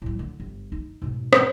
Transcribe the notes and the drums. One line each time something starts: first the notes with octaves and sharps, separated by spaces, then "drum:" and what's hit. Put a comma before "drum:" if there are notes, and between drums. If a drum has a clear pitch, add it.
A2 G3
D3
G1
D#4
G#2 B2
drum: rim click